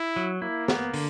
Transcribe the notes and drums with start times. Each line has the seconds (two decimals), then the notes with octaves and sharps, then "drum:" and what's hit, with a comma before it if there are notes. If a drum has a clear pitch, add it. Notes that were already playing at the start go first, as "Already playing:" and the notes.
Already playing: E4
0.16 F#3
0.42 A#3 E4
0.68 B3, drum: snare
0.94 D3, drum: open hi-hat